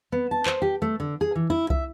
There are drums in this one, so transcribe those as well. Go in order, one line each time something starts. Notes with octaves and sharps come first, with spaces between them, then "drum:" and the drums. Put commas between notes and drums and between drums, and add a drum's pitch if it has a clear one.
B3
A5
C5, drum: clap
G4
A3
D3
G#4
E3
E4
E5, drum: kick C2